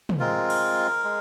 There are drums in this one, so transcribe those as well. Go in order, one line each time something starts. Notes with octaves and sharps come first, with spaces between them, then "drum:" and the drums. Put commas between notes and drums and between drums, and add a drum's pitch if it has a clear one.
drum: tom
G#3 C4 F4 A#4
drum: cymbal
G#3